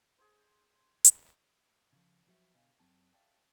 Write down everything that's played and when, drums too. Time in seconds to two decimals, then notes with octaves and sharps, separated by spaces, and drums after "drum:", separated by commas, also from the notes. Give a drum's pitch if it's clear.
0.18 G#4 C5
1.04 drum: hi-hat
1.93 C#3 F3
2.27 F3 F#3 F#4 C5 E5
2.54 B2 D3 D#5 F5 G#5
2.79 F#2 F#3 C4 A5
3.13 C#5 D5 E5 F5 G5 A5